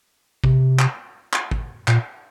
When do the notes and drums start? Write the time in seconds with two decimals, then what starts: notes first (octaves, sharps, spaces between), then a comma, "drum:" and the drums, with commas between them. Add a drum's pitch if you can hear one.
0.44 C3, drum: kick
0.79 drum: clap
1.33 drum: clap
1.51 drum: kick
1.88 A#2, drum: clap